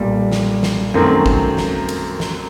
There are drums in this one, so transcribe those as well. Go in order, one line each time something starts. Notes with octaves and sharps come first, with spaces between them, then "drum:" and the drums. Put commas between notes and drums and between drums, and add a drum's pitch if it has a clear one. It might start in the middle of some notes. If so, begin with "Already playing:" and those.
Already playing: B1 A#2 G3
drum: snare
drum: snare
F#2 D#3 F#3 A3 C4
drum: kick
drum: snare
drum: cymbal
drum: snare